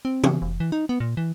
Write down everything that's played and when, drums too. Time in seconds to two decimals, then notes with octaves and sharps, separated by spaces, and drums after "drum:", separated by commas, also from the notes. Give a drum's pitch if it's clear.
0.05 C4
0.24 C#3, drum: tom
0.42 F1
0.60 E3
0.72 D#4
0.89 B3
1.00 A#2
1.17 E3